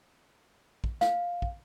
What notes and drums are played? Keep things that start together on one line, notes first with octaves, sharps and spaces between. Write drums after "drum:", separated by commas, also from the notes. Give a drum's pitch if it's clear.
drum: kick
F5, drum: snare
drum: kick